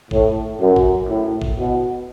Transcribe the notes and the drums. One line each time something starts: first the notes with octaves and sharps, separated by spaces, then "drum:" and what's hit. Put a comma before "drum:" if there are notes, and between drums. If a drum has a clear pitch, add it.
A2, drum: kick G#1
F#2
drum: kick G#1
A2
drum: kick G#1
B2